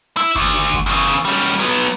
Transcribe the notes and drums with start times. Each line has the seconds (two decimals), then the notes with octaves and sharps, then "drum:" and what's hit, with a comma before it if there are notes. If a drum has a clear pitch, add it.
0.17 E4
0.36 D2, drum: kick F#1
0.74 drum: kick F#1
0.86 E2 C#3
1.25 G3 C#4
1.59 F#3 B3